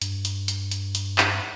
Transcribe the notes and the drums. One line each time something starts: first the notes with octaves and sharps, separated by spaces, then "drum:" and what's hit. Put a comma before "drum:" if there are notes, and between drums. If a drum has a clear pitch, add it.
G2, drum: hi-hat
drum: hi-hat
drum: hi-hat
drum: hi-hat
drum: hi-hat
drum: clap